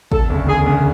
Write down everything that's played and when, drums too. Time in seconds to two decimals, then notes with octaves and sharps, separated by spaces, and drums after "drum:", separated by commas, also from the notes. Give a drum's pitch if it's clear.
0.12 E1 A4, drum: kick G#1
0.30 D2 C#3
0.47 E1 G#4
0.66 D2 C#3